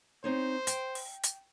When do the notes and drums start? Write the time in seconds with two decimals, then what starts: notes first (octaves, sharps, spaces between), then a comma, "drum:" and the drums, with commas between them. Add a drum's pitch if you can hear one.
0.24 C4 D#4 C5 C#5
0.67 G5, drum: hi-hat
0.95 drum: open hi-hat
1.23 drum: hi-hat